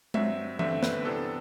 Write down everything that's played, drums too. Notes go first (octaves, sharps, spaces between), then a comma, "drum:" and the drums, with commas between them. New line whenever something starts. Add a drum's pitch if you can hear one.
G2 F#3 C4 E5, drum: tom G#3
G2 D3 A3 C4 E5, drum: tom E3
B4, drum: snare
C3 E3 B3 D4 A4